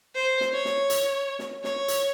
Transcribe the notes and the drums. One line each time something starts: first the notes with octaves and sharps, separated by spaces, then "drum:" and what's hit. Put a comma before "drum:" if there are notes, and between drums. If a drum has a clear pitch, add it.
C5
drum: snare
C#5
drum: snare
drum: hi-hat
drum: snare
C#5, drum: snare
drum: hi-hat